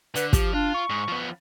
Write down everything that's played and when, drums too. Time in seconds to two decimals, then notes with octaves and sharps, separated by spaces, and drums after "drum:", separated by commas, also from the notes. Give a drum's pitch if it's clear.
0.15 D3 B4, drum: hi-hat
0.33 F3 G4, drum: kick, hi-hat
0.54 D4 F4
0.74 C#6
0.90 G#2
1.08 F3 B3